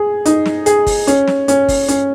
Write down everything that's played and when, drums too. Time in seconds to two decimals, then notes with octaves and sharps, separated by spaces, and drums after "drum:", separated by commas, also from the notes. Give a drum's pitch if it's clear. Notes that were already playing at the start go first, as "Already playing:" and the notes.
Already playing: G#4
0.25 D#4, drum: hi-hat
0.46 drum: snare
0.66 G#4, drum: hi-hat
0.87 drum: kick, open hi-hat
1.07 C#4, drum: hi-hat
1.27 drum: snare
1.48 C#4, drum: hi-hat
1.68 drum: kick, open hi-hat
1.88 C#4, drum: hi-hat